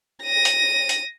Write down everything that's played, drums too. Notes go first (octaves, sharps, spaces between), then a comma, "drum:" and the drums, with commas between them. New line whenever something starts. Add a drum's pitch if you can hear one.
A#6 D#7
drum: hi-hat
drum: hi-hat